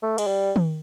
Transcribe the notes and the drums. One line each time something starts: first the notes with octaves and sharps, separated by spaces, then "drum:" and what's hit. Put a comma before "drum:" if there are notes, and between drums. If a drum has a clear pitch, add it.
A3
G#3, drum: cymbal
G3
drum: tom D#3